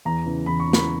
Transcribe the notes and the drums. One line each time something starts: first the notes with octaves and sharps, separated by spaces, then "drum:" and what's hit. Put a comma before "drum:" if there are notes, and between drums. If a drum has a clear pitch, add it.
E2 A#5
C#3 E3
E2 B5
C#6
C#3 E3
B5, drum: snare